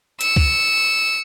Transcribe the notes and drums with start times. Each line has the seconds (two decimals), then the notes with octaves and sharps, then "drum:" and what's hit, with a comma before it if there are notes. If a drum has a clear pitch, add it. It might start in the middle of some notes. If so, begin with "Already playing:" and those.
0.21 E6 C#7, drum: hi-hat
0.36 drum: kick C#2